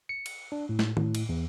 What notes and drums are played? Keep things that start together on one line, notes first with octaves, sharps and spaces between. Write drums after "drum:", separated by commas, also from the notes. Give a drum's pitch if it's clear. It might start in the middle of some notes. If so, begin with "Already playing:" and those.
C#7
drum: cymbal
D4
A2
drum: snare
A2, drum: tom D#3
drum: cymbal
E2